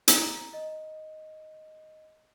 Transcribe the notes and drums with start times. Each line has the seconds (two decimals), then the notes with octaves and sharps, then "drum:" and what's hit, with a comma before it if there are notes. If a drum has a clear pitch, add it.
0.08 A#5, drum: hi-hat
0.53 D#5